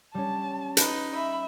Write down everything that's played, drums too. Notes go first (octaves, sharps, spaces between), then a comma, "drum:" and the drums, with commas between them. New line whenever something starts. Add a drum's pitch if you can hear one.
G3 C#4 A5
D#4 B4, drum: hi-hat
E5 B5